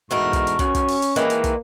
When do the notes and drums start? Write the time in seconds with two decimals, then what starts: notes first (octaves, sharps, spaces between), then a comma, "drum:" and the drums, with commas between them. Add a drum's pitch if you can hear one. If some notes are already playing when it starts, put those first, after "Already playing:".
0.11 E2 G#2 B2 A3 A#4 C#6
0.33 drum: kick, hi-hat
0.47 drum: hi-hat
0.59 F#2 C#4, drum: kick, hi-hat
0.75 drum: kick, hi-hat
0.88 drum: open hi-hat
1.02 drum: hi-hat
1.16 D#3 E3 G#3 A#3, drum: hi-hat
1.30 drum: hi-hat
1.44 drum: kick, hi-hat